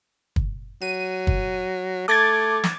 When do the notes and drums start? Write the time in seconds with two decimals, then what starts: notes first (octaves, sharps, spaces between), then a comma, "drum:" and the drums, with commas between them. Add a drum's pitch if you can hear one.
0.36 drum: kick
0.82 F#3 D#7
1.27 drum: kick
2.08 A3 D6 G#6 A6
2.64 drum: snare